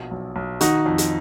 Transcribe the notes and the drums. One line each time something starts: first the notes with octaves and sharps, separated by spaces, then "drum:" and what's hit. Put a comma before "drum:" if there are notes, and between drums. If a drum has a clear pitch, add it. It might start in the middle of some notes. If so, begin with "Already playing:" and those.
Already playing: A#1 B2
B1
B1
D#3 D#4 F#4, drum: hi-hat
F2
drum: hi-hat